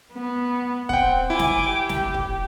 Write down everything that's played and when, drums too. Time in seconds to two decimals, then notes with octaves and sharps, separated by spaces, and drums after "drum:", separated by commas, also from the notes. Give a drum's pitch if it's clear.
0.13 B3
0.89 C4 F#5 G5, drum: kick
1.30 E4 G#5 D6
1.39 drum: snare
1.69 G4
1.89 drum: snare
2.14 drum: kick